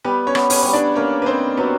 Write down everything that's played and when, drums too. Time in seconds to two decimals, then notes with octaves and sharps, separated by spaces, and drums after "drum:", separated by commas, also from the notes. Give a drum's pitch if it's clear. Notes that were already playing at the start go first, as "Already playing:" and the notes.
0.04 G3 B3 B4
0.27 C#4 C#5
0.35 B3, drum: rim click
0.50 C#4 C#5, drum: open hi-hat
0.62 G3 C#5
0.73 D4 D5
0.96 A#3 C#4 C#5
1.22 B4
1.26 C4 D#4 C5
1.57 F#3 B3 B4